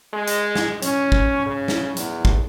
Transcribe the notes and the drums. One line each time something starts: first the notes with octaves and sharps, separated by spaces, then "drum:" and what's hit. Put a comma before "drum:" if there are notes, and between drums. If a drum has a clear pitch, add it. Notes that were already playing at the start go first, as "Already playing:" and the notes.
G#3
drum: hi-hat
drum: snare
C#4, drum: hi-hat
drum: kick
C#3
drum: snare
E2, drum: hi-hat
drum: kick